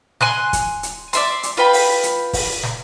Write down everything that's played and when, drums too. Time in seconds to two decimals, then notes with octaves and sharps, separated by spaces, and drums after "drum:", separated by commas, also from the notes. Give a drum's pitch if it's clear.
0.21 G#5 C6 F#6, drum: snare
0.53 drum: kick, hi-hat
0.83 drum: hi-hat
1.13 D5 E5 C6, drum: hi-hat
1.43 drum: hi-hat
1.57 F4 B4 G5 B5
1.73 drum: open hi-hat
2.03 drum: hi-hat
2.33 drum: kick, open hi-hat
2.63 drum: snare